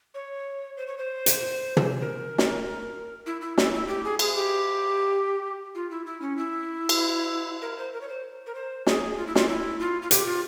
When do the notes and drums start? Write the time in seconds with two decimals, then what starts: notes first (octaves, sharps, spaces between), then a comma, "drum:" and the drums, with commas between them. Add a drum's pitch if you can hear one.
0.14 C#5
0.77 C5
0.87 C#5
0.98 C5
1.26 drum: hi-hat
1.77 drum: tom
2.01 A#4
2.38 drum: snare
3.26 E4
3.41 E4
3.58 E4, drum: snare
3.73 E4
3.88 G4
4.04 G#4
4.19 G#4, drum: cymbal
4.35 G4
5.75 F4
5.91 E4
6.06 E4
6.22 C#4
6.37 E4
6.89 drum: cymbal
7.62 A#4
7.78 C5
7.93 A#4
8.01 C#5
8.09 C5
8.46 A#4
8.55 C5
8.87 G#4, drum: snare
9.17 F4
9.27 E4
9.35 F4, drum: snare
9.48 E4
9.80 F4
10.02 F4
10.11 G4, drum: hi-hat
10.26 F4